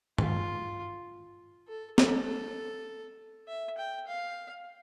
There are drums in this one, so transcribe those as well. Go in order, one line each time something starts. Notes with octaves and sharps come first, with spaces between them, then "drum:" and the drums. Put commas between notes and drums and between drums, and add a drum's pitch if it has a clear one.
F4, drum: tom G2
A4
A4, drum: snare
E5
G5
F5